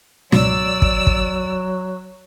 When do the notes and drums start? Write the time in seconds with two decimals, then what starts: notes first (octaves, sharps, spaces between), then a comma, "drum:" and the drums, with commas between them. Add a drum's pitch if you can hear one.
0.32 C#2 G#2 B2 F#3 D5 E6, drum: snare
0.82 drum: kick
1.07 drum: kick